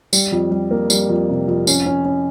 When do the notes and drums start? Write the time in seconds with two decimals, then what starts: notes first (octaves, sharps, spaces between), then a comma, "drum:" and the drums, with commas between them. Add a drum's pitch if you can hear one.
0.13 G3, drum: tambourine
0.32 F2
0.51 G3
0.71 A#3
0.90 G3, drum: tambourine
1.09 F2
1.29 C3
1.48 F2
1.67 C#4, drum: tambourine
1.86 C#4
2.05 C#4